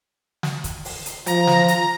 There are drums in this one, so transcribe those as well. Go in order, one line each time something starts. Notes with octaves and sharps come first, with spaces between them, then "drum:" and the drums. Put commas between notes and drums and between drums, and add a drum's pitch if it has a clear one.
drum: snare
drum: kick, hi-hat
drum: open hi-hat
drum: hi-hat
F3 A#5, drum: hi-hat
drum: snare
drum: hi-hat